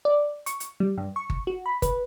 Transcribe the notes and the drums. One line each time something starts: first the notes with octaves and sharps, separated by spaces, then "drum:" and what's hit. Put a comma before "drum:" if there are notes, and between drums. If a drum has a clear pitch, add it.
D5
C#6, drum: hi-hat
drum: hi-hat
G3
G2
C#6
drum: kick G1
F#4
B5
B4, drum: kick G1, hi-hat